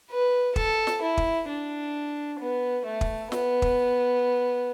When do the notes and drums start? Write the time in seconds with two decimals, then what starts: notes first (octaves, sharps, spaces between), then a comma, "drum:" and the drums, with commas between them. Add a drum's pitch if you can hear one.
0.11 B4
0.56 A4, drum: kick
0.87 drum: snare
1.02 E4
1.17 drum: kick
1.48 D4
2.40 B3
2.85 A3
3.01 drum: kick
3.32 B3, drum: snare
3.62 drum: kick